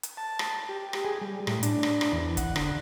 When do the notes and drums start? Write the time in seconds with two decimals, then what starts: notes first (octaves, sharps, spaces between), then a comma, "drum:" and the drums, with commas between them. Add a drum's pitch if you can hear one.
0.03 drum: hi-hat
0.17 A5
0.39 drum: rim click
0.69 G4
0.93 drum: rim click
1.05 G#4
1.21 G3
1.47 A2, drum: rim click
1.63 D4, drum: hi-hat
1.83 drum: rim click
2.01 drum: rim click
2.12 E2
2.37 F#5, drum: kick, hi-hat
2.56 D3, drum: rim click